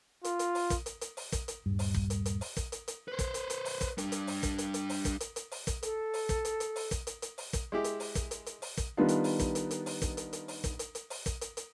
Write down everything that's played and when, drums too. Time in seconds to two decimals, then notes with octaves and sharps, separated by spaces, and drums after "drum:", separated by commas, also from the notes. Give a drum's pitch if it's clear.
0.24 F4, drum: hi-hat
0.39 drum: hi-hat
0.55 drum: open hi-hat
0.70 drum: kick, hi-hat
0.86 drum: hi-hat
1.01 drum: hi-hat
1.17 drum: open hi-hat
1.32 drum: kick, hi-hat
1.48 drum: hi-hat
1.66 D#1 G2
1.79 drum: open hi-hat
1.94 drum: kick
2.10 drum: hi-hat
2.26 drum: hi-hat
2.41 drum: open hi-hat
2.57 drum: kick, hi-hat
2.72 drum: hi-hat
2.88 drum: hi-hat
3.08 B4 C5
3.19 drum: kick, hi-hat
3.34 drum: hi-hat
3.50 drum: hi-hat
3.65 drum: open hi-hat
3.81 drum: kick, hi-hat
3.98 G3 D4, drum: hi-hat
4.12 drum: hi-hat
4.27 drum: open hi-hat
4.43 drum: kick, hi-hat
4.58 drum: hi-hat
4.74 drum: hi-hat
4.89 drum: open hi-hat
5.05 drum: kick, hi-hat
5.20 drum: hi-hat
5.36 drum: hi-hat
5.51 drum: open hi-hat
5.67 drum: kick, hi-hat
5.83 A4, drum: hi-hat
6.14 drum: open hi-hat
6.29 drum: kick, hi-hat
6.45 drum: hi-hat
6.60 drum: hi-hat
6.76 drum: open hi-hat
6.91 drum: kick, hi-hat
7.07 drum: hi-hat
7.22 drum: hi-hat
7.38 drum: open hi-hat
7.53 drum: kick, hi-hat
7.72 G#3 E4 G4
7.84 drum: hi-hat
8.00 drum: open hi-hat
8.15 drum: kick, hi-hat
8.31 drum: hi-hat
8.46 drum: hi-hat
8.62 drum: open hi-hat
8.77 drum: kick, hi-hat
8.97 D#3 G3 B3 D4 F4
9.08 drum: hi-hat
9.24 drum: open hi-hat
9.40 drum: kick, hi-hat
9.55 drum: hi-hat
9.71 drum: hi-hat
9.86 drum: open hi-hat
10.02 drum: kick, hi-hat
10.17 drum: hi-hat
10.33 drum: hi-hat
10.48 drum: open hi-hat
10.64 drum: kick, hi-hat
10.79 drum: hi-hat
10.95 drum: hi-hat
11.10 drum: open hi-hat
11.26 drum: kick, hi-hat
11.41 drum: hi-hat
11.57 drum: hi-hat